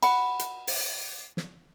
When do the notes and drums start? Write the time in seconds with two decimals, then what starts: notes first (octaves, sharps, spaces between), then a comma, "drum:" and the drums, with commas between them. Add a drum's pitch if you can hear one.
0.03 F#5 B5, drum: cymbal
0.39 drum: hi-hat
0.67 drum: open hi-hat
1.37 drum: snare